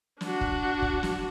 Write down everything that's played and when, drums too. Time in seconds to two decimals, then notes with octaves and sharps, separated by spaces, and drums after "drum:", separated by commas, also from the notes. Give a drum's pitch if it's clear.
0.21 D4 F#4, drum: snare
0.41 drum: kick
0.82 drum: kick
1.03 drum: snare